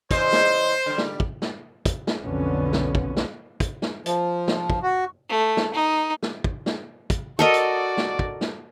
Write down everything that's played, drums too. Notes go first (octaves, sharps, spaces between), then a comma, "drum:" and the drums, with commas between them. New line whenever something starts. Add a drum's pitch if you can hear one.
E2 C#3 C5 D#5, drum: kick, hi-hat
drum: snare
D3 G3
drum: snare
drum: kick
drum: snare
drum: kick, hi-hat
drum: snare
B1 F2 B2 D3 B3 C#4
drum: snare
drum: kick
drum: snare
drum: kick, hi-hat
drum: snare
F3, drum: hi-hat
drum: snare
drum: kick
F#4
A3
drum: snare
D#4
drum: snare
drum: kick
drum: snare
drum: kick, hi-hat
F#4 A4 A#4 D5 D#5
drum: hi-hat
drum: snare
drum: kick
drum: snare